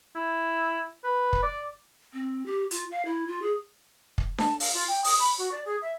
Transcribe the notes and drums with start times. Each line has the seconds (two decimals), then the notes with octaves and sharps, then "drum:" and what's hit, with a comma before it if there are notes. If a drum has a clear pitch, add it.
0.16 E4
1.04 B4
1.33 drum: kick
1.43 D5
2.13 C4
2.46 G4
2.71 F4, drum: hi-hat
2.91 F5
3.05 E4
3.28 F4
3.42 G#4
4.18 drum: kick
4.38 A5, drum: snare D4
4.60 F5, drum: open hi-hat
4.73 F4
4.88 G5
5.04 D#6, drum: open hi-hat
5.20 B5
5.38 F#4
5.52 D5
5.66 G#4
5.82 E5